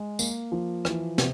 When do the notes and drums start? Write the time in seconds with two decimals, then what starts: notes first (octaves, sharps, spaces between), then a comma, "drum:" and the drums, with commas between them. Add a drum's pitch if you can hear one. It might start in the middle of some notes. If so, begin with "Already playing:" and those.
Already playing: G#3
0.19 A#3, drum: tambourine
0.52 F3
0.85 E3, drum: rim click
1.18 C3, drum: snare